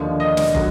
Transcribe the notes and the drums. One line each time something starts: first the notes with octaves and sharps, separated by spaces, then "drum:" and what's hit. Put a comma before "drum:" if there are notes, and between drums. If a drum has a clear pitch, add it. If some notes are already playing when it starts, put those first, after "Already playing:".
Already playing: D#2 D3 F3
D#5
drum: snare
D3 F#3 A3, drum: kick